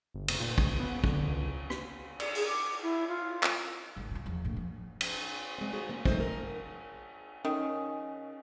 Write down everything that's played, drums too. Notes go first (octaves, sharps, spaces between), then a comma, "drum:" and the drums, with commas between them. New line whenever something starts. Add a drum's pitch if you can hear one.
G1
F1, drum: cymbal
A#2
C#2, drum: kick
B3
D3, drum: kick
C#2
drum: rim click
D5, drum: cymbal
G#4, drum: open hi-hat
D6
E4
F4
drum: clap
G#1
B2 F4
E2 F3
A#1 A2
F3
drum: cymbal
G#3 C4
D#4 F#4 G#4 C5
A#3 C#4
F3 G#3 A3 D#4 C5, drum: kick
A#4
D#3 C#4